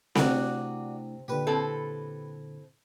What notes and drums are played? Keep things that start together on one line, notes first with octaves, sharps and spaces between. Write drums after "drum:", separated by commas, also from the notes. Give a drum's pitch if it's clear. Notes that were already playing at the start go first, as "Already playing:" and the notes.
C3 A3 D4 E4 F#4 D5 D#6, drum: snare C4
A#2 D3 G4 B4
C4 E4 A4